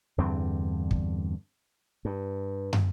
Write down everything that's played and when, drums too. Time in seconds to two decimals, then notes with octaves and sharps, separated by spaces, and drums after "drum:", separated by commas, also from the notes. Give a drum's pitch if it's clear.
0.18 E2 G2 D3 C4
0.91 drum: kick
2.05 G2
2.73 drum: tom